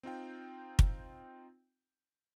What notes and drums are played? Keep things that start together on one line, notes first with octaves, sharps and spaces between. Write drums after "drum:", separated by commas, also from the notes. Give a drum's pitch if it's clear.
C4 D#4 F4 G5
drum: kick